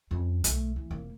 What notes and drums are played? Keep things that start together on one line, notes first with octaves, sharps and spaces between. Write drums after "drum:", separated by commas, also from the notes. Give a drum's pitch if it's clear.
F2 C#4
B1 A3, drum: hi-hat
E3
F1 A#3